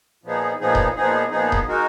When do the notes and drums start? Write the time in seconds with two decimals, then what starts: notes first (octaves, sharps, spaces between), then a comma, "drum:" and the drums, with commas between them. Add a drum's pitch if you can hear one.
0.24 A#2 F3 B3 D#4 G#4
0.60 A#2 F3 B3 D#4 G#4
0.75 drum: kick D#1
0.95 A#2 F3 B3 D#4 G#4
1.31 A#2 F3 B3 D#4 G#4
1.52 drum: kick D#1
1.67 G#3 D#4 F#4 A#4